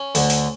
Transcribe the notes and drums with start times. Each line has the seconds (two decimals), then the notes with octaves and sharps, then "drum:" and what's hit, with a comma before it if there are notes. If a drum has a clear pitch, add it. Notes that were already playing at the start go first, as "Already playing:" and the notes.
Already playing: C#4
0.15 D2 D3, drum: open hi-hat
0.30 drum: open hi-hat